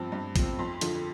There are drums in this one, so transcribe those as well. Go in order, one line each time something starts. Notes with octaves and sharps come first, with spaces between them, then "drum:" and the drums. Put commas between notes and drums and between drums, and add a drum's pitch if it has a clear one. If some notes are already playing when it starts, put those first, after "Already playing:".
Already playing: G2 F3 C4 A5
G2
F3 C4, drum: kick, hi-hat
F2 C6
D3 F3, drum: hi-hat